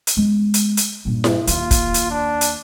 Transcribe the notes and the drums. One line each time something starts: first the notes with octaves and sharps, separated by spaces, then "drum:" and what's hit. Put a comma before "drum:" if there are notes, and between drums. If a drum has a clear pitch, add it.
drum: hi-hat
G#3 B3
drum: hi-hat
drum: hi-hat
G2 A#2
drum: snare E4
D#2 A#3 F4, drum: hi-hat
drum: kick, hi-hat
drum: hi-hat
D4
drum: hi-hat